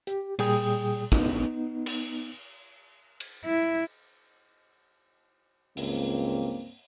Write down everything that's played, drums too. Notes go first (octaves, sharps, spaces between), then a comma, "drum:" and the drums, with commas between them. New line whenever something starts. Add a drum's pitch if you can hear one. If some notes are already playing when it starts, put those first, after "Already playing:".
G4, drum: hi-hat
A#2 G3 G#4 G5 D#6, drum: cymbal
B3 D#4, drum: kick
drum: cymbal
drum: cymbal
E4
C#2 G2 A#3 C4, drum: open hi-hat